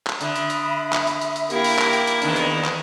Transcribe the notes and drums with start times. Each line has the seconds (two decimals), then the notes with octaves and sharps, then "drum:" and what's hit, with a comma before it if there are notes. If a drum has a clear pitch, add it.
0.07 drum: clap
0.21 D3 E5 B5 D#6, drum: hi-hat
0.36 drum: hi-hat
0.50 drum: hi-hat
0.93 drum: clap
1.07 drum: hi-hat
1.21 drum: hi-hat
1.36 drum: hi-hat
1.50 A#3 E4 G4, drum: hi-hat
1.64 drum: open hi-hat
1.79 drum: clap
1.93 drum: hi-hat
2.07 drum: hi-hat
2.22 E2 D#3 D4, drum: hi-hat
2.36 drum: hi-hat
2.65 drum: clap